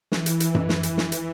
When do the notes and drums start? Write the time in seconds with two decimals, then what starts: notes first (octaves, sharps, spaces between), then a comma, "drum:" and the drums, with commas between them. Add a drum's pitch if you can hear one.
0.12 E3, drum: snare
0.26 drum: hi-hat
0.40 drum: hi-hat
0.55 drum: tom F#2
0.69 drum: snare
0.83 drum: hi-hat
0.98 drum: snare
1.12 drum: hi-hat